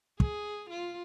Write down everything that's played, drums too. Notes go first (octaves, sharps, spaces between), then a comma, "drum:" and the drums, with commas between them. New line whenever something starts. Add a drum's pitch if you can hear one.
G#4, drum: kick
F4